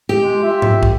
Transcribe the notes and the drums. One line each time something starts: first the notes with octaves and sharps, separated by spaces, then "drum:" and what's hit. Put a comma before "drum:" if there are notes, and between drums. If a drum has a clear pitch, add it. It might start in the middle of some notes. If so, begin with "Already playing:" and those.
G4
G#3
F4 E5
drum: tom G#2
drum: kick